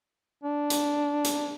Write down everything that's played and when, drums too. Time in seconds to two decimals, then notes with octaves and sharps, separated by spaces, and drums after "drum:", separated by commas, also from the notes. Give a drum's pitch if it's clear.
0.43 D4
0.70 drum: hi-hat
1.25 drum: hi-hat